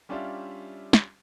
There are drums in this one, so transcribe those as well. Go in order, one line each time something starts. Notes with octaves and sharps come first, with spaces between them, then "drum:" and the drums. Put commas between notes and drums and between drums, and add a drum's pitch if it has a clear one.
G3 C#4 D4 F4 G4 E5
drum: snare